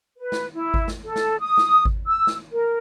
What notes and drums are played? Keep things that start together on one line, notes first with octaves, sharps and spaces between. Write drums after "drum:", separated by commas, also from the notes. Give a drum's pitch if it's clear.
B4
drum: snare
E4
drum: kick G#1
drum: snare
A4
drum: snare
D#6
drum: snare
drum: kick G#1
E6
drum: snare
A#4